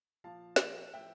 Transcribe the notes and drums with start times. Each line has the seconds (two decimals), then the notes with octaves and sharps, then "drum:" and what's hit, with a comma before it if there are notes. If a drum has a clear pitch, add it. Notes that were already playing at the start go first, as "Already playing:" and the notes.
0.24 A#2 F3 F5 A5
0.56 drum: snare
0.93 A2 F3 E5 G5